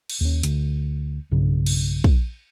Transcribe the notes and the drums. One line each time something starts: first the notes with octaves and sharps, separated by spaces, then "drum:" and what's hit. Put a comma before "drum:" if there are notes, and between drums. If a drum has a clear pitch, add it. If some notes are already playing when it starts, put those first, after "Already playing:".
drum: cymbal
D#2 C#4
D2, drum: hi-hat
B1 G2 C#3
drum: cymbal
drum: kick